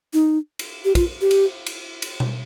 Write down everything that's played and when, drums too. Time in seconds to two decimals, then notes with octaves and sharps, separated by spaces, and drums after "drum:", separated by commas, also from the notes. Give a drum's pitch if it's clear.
0.13 D#4
0.59 drum: cymbal
0.85 G4
0.95 F4, drum: kick, cymbal
1.21 G4
1.31 drum: cymbal
1.66 drum: cymbal
2.02 drum: cymbal
2.20 drum: tom B2